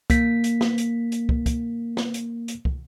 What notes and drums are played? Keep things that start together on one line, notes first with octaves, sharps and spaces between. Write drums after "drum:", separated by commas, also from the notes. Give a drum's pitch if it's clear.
A#3 B6, drum: kick, hi-hat
drum: hi-hat
drum: snare
drum: hi-hat
drum: hi-hat
drum: kick
drum: kick, hi-hat
drum: snare
drum: hi-hat
drum: hi-hat
drum: kick